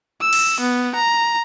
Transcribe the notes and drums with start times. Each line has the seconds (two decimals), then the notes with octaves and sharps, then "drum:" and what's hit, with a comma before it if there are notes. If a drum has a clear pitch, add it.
0.21 E6
0.33 drum: cymbal
0.60 B3
0.95 A#5